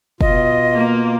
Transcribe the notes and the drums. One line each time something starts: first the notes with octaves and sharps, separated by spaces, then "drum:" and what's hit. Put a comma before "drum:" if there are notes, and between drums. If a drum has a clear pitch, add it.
B2 F4 D#5, drum: kick F1
A#3